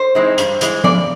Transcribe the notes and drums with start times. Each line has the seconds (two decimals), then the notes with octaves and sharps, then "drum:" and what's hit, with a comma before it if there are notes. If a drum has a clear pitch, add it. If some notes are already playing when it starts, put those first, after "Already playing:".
Already playing: C5
0.15 E3 G#3 C4 D#4
0.38 G2, drum: hi-hat
0.61 E3 G#3, drum: hi-hat
0.84 G2 D5, drum: tom F3